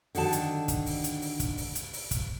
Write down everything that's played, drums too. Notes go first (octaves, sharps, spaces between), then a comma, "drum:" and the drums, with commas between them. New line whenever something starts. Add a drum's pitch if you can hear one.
D3 D#3 F#4 A5, drum: open hi-hat
drum: hi-hat
drum: kick, hi-hat
drum: open hi-hat
drum: hi-hat
drum: open hi-hat
drum: kick, hi-hat
drum: open hi-hat
drum: hi-hat
drum: open hi-hat
drum: kick, hi-hat